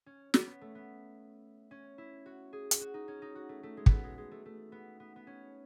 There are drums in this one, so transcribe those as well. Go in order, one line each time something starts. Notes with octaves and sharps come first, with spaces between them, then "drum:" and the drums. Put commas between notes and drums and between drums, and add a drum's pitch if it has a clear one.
C#4
C#4, drum: snare
B3
A3
B3
C#4
E4
F#4
G#4
drum: hi-hat
F#4
D#4
C#4
D#4
F#4
A3
A3
G#3
A3 B3, drum: kick
G#3
G#3
A3
A3
B3
B3
B3
C#4